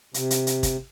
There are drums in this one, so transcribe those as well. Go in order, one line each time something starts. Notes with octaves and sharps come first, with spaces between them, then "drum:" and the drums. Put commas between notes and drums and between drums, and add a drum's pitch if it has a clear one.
C3, drum: hi-hat
drum: hi-hat
drum: hi-hat
drum: kick, hi-hat